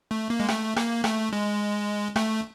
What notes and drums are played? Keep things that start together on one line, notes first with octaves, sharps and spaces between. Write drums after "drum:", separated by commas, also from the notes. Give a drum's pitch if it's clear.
A3
A#3
G#3
A3, drum: rim click
A#3, drum: rim click
A3, drum: rim click
G#3
A3, drum: rim click